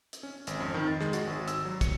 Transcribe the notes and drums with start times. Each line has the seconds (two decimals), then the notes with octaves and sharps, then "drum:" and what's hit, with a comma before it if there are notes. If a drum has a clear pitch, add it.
0.13 drum: hi-hat
0.23 C#4
0.47 G#1, drum: hi-hat
0.60 F2
0.74 D#3
0.87 A6
1.01 G#3, drum: rim click
1.13 F#4, drum: hi-hat
1.27 G#1
1.48 E6, drum: hi-hat
1.65 F#3
1.81 C#7, drum: kick, hi-hat